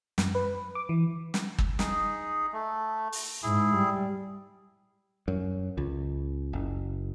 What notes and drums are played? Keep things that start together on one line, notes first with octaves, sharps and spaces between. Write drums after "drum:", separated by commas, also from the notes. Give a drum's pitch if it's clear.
F#2, drum: snare
B4
D6
E3
drum: snare
drum: kick
D#4 G#4, drum: snare
A3
drum: open hi-hat
G#2 E4 G#4
G3
F#2
C#2
F#1